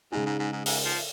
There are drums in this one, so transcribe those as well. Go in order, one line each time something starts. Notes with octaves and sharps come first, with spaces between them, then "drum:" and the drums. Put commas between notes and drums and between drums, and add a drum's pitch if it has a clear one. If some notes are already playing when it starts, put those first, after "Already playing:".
G#2 C#3 G#3 D#4 G#4
G#2
G#2
G#2
G#2, drum: open hi-hat
F3